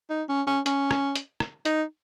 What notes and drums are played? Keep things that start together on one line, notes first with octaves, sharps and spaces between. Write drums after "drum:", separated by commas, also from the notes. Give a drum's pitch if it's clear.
D#4
C#4
C#4
C#4, drum: hi-hat
drum: rim click
drum: hi-hat
drum: rim click
D#4, drum: hi-hat